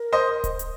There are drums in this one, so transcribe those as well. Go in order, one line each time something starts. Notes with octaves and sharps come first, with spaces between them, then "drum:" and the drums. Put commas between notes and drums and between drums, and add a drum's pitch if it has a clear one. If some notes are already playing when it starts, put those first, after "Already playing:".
Already playing: A#4
C5 D#5
drum: kick D1, hi-hat
drum: hi-hat